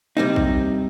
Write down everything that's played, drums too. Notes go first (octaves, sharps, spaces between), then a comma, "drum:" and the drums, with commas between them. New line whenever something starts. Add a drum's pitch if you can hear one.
C3 G3 C4 D#4
drum: kick